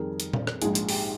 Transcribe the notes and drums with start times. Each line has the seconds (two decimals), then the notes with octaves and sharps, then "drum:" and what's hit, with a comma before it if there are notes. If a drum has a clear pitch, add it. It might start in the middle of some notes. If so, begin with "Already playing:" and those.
Already playing: F2 D#3 G3 G#4 A#4
0.20 drum: hi-hat
0.33 drum: tom A#2
0.47 drum: rim click
0.62 A#1 G#2 F3 G#3 G#4, drum: hi-hat
0.75 G#4, drum: hi-hat
0.89 G4, drum: open hi-hat